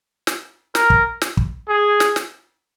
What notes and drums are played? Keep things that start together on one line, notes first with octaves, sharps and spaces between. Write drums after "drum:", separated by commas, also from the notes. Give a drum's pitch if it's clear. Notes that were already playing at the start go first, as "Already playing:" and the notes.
drum: snare
A#4, drum: snare
drum: kick
drum: snare
drum: kick
G#4
drum: snare
drum: snare